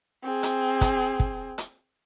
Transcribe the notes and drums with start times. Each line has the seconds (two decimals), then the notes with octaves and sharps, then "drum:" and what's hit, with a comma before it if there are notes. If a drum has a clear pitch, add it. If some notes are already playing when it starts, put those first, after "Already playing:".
0.24 C4 G#4
0.43 drum: hi-hat
0.81 drum: kick, hi-hat
1.20 drum: kick
1.58 drum: hi-hat